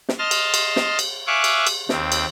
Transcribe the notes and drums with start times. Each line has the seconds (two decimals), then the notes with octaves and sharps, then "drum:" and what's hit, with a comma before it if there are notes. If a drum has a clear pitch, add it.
0.09 drum: snare
0.18 D#5 A5 C6 F6 A6
0.31 drum: cymbal
0.54 drum: cymbal
0.76 drum: snare
0.99 drum: cymbal
1.27 E5 F5 G#5 C#6 D6 F#6
1.44 drum: cymbal
1.67 drum: cymbal
1.89 D#2 C4, drum: snare
2.12 drum: cymbal